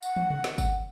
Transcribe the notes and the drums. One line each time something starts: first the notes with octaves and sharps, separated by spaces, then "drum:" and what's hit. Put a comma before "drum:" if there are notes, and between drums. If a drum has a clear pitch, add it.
F#5, drum: tambourine
drum: tom
drum: tom C3
drum: snare
drum: kick, tambourine